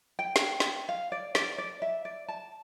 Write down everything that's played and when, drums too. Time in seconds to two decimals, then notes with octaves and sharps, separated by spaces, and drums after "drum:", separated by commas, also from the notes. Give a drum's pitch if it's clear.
0.19 G5
0.36 drum: snare
0.60 drum: snare
0.89 F5
1.12 D5
1.35 D5, drum: snare
1.58 D5
1.82 E5
2.05 D5
2.28 A5